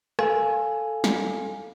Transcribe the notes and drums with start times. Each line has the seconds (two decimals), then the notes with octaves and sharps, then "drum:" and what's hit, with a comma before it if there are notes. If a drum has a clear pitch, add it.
0.19 A4 F5 G#5, drum: rim click
1.04 drum: snare